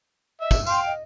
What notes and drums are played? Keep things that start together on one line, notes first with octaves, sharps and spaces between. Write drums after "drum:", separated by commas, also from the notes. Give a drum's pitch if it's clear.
D#5 E5
drum: kick, tambourine
F5 G5 C6, drum: tambourine
D#5